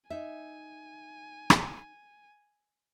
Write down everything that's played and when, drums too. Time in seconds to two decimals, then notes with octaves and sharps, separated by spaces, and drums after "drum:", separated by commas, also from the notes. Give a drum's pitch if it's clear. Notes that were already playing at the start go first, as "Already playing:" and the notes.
0.10 D#4 E5 G#5
1.50 drum: rim click